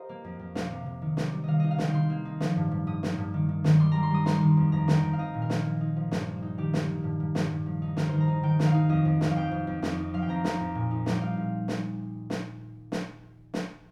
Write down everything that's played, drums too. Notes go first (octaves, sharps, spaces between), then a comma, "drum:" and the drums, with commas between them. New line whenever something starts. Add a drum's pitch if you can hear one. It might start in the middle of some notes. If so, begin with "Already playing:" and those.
Already playing: F4 G4 A#4 C5 D#5
A#3
F2
F2
C3 F5, drum: snare
C3
C3
D#3
C3, drum: snare
G3
D#3 D#5 F5
D#4 D#5
F5
D#3 G5, drum: snare
D#3 C6
A#3
D#4
F3, drum: snare
G2
G2
G2 D#6
A#3, drum: snare
G2
D#3
D#3
D#3, drum: snare
G3 C6
G3 A#5
C6
G3 D#6
D#4 C6, drum: snare
D#3
F2
F2 A#5
D#3, drum: snare
G5
D#3
F5
D#4 D#5
A#2
A#4
A#3, drum: snare
F3
D#4
F3
G2, drum: snare
A#3
D#4
D#3 G4
A#3, drum: snare
D#3
G2
G2
G2, drum: snare
G2
F3
D#4
D#3 A#4, drum: snare
D#3 C5
A#5
D#4
D#3 G5
D#3, drum: snare
F5
D#4
F2 D#5
F2
F2, drum: snare
F5
F2 G5
F2
F2
F2, drum: snare
D#4
F3 F5
G5
F2 A#5
F2, drum: snare
F2
A#2
D#4
G3 G5, drum: snare
D#4 F5
A#2
drum: snare
drum: snare
drum: snare
drum: snare